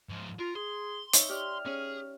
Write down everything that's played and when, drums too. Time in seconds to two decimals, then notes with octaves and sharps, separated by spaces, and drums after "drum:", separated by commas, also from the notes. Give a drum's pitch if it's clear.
0.09 G#2 F3
0.40 F4 A#4
0.56 G#4 C6
1.13 D#4 C#5 E5, drum: hi-hat
1.29 G4 D5 F6 F#6
1.66 C#4 G#4